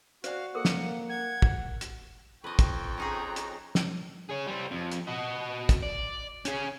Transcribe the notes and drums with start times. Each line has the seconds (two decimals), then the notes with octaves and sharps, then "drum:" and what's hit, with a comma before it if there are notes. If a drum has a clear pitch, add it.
0.24 F#4 C5 D5 F5 G#5, drum: hi-hat
0.55 A#3 A4 A#4 C5 F#5
0.65 drum: snare
1.09 F#5 G#6
1.42 drum: kick
1.81 drum: hi-hat
2.44 F2 B4 D#5 G5 C#6
2.59 drum: kick, hi-hat
2.98 C#4 D#4 G#4 A#5
3.36 drum: hi-hat
3.75 drum: snare
4.29 G#4 C#5
4.47 G3 C4
4.71 F2
4.91 drum: hi-hat
5.07 F#4 D#5
5.69 drum: kick, hi-hat
5.82 D5
6.45 C#4 G#4, drum: hi-hat